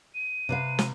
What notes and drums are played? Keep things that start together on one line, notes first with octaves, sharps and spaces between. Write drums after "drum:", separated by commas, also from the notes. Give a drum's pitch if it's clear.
D#7
C3 B4 F5
drum: snare